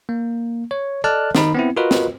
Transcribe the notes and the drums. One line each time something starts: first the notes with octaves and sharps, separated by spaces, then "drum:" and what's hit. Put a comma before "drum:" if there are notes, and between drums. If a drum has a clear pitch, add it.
A#3
C#5
A4 D5 D#5 A5 F6 F#6
D#3 D#4 B5, drum: snare
B3 C4 E4
F4 F#4 A#4 B4 D#5
drum: snare